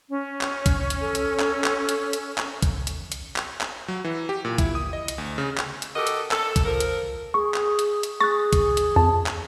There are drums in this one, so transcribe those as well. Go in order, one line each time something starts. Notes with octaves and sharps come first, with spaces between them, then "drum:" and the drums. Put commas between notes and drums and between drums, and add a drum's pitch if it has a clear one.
C#4
drum: clap
drum: kick, hi-hat
drum: hi-hat
A4
drum: hi-hat
drum: clap
drum: clap
drum: hi-hat
drum: hi-hat
drum: clap
drum: kick, hi-hat
drum: hi-hat
drum: hi-hat
drum: clap
drum: clap
F#3
E3
G4
A#2
E4, drum: kick, hi-hat
D#6
D#5
drum: hi-hat
D2
C#3
drum: clap
drum: hi-hat
F#4 G4 A4 A#4 D#5
drum: hi-hat
A4, drum: clap
drum: kick, hi-hat
F3 A#4
drum: hi-hat
G#4 C#6
drum: clap
drum: hi-hat
drum: hi-hat
G#4 C#6 F#6 A6
drum: kick, hi-hat
drum: hi-hat
F2 A5
drum: clap